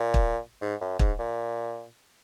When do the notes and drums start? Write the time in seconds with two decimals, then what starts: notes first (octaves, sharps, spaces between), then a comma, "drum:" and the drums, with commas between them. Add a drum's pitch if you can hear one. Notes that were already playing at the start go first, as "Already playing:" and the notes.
Already playing: A#2
0.14 drum: kick
0.61 G#2
0.81 F#2
0.99 G#2, drum: kick
1.19 A#2